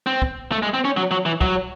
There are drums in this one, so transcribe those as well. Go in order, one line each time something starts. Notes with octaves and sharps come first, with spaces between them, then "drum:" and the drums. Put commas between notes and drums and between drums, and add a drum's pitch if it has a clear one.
C4
drum: kick
A3
G#3
C4
C#4
F#3
F#3
E3
F#3, drum: kick